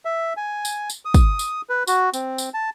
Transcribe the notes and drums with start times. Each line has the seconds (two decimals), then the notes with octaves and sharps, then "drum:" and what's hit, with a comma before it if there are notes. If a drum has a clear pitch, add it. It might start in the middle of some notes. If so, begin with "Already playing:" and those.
0.05 E5
0.37 G#5
0.65 drum: tambourine
0.90 drum: tambourine
1.05 D#6
1.14 drum: kick, tambourine
1.39 drum: tambourine
1.69 B4
1.87 F#4, drum: tambourine
2.14 C4, drum: tambourine
2.38 drum: tambourine
2.54 A5